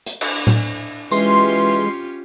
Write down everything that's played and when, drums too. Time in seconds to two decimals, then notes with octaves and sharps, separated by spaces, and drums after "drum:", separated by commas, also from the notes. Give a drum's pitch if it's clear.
0.06 drum: hi-hat
0.21 D4, drum: cymbal
0.47 drum: tom A2
1.11 E3 G#3 C#4 F4 G4 C6, drum: tambourine